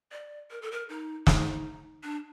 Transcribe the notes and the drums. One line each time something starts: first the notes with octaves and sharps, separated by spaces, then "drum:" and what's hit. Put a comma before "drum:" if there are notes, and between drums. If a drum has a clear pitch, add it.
D5
A#4
A4
A#4
D#4
D#4, drum: snare
D4